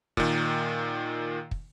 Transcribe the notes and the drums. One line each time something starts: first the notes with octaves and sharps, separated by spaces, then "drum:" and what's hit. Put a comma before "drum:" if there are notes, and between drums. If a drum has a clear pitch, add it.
A#2 D#3, drum: kick
drum: kick